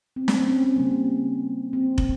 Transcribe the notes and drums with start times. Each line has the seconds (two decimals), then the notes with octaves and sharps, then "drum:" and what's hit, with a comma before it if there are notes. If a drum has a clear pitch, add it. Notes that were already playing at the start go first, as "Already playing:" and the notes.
0.16 C4
0.28 C4, drum: snare
0.39 C#4
0.48 C4
0.52 C#4
0.65 C4
0.76 C#3 G3 A#3
1.73 C4
1.98 drum: kick